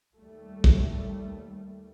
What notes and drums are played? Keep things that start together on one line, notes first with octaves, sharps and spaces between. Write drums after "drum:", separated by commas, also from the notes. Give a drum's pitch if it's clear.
D#2 G3 A3
drum: kick